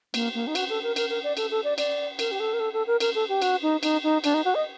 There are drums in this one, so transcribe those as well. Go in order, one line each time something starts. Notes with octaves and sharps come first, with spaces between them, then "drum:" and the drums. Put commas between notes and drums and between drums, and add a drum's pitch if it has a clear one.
A#3, drum: cymbal
A#3
D#4
F#4, drum: cymbal
A4
A#4
A#4, drum: cymbal
A#4
D5
A4, drum: cymbal
A4
D5
D5, drum: cymbal
A#4, drum: cymbal
G4
A4
A#4
A4
A4
A#4
A#4, drum: cymbal
A4
G4
F#4, drum: cymbal
D#4
D#4, drum: cymbal
D#4
D4, drum: cymbal
D#4
F#4
D#5